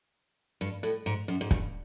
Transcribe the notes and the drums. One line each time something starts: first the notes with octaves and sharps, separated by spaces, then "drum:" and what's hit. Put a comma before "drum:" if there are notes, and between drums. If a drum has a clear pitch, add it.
G2
A2
G#2
F#2
G#2
G2, drum: kick